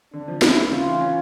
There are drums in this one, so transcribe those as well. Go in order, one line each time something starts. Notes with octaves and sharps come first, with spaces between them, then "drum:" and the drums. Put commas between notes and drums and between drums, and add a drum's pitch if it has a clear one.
D3 D4
F3
C#4 E4, drum: snare
A3
C#3 F4
E3
C#4